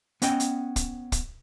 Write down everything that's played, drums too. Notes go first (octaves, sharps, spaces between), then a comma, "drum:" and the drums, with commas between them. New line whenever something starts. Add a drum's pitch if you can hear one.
B3 C#4 D#5 G5, drum: hi-hat
drum: hi-hat
drum: kick, hi-hat
drum: kick, hi-hat